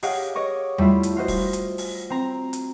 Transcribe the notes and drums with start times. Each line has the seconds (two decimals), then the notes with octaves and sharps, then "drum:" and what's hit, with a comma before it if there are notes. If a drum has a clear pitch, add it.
0.03 G4 G#4 C#5 D#5 F5 F#5, drum: open hi-hat
0.35 C#5 D#5 C#6 D6
0.78 G3 A3 E4 F4, drum: tom E2
1.03 drum: hi-hat
1.17 F4 F#4 C5 D#5
1.28 drum: kick, open hi-hat
1.53 drum: hi-hat
1.78 drum: open hi-hat
2.10 C4 A#5
2.53 drum: hi-hat